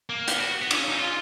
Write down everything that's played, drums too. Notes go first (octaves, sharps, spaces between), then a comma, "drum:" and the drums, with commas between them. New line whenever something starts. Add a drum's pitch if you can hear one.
A#3
B3, drum: hi-hat
F#4
B3
C#4, drum: cymbal
D#4
F4